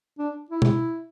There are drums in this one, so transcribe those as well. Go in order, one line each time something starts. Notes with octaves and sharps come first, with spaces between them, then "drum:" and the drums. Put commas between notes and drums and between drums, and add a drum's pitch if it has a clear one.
D4
E4
drum: tom